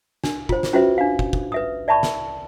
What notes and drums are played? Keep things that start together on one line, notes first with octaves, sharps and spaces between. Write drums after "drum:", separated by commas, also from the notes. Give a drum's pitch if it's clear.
D4, drum: snare
F4 C5, drum: kick
drum: snare
C#4 F4 F#4 B4 C5 E5
D4 F5
drum: kick
drum: kick
B4 E5 D#6
D5 E5 A5 B5 C#6
drum: snare